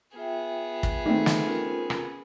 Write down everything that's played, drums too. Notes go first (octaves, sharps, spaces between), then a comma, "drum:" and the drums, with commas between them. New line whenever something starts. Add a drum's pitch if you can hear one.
B3 F4 G#4 E5 G5
drum: kick
D#3 A3 C4
drum: snare
C#4 F4 A#4
drum: rim click